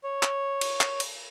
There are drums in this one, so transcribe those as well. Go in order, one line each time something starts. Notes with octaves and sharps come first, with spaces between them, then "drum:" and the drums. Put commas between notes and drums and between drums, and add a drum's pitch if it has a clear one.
C#5
drum: clap
drum: cymbal
drum: clap
drum: cymbal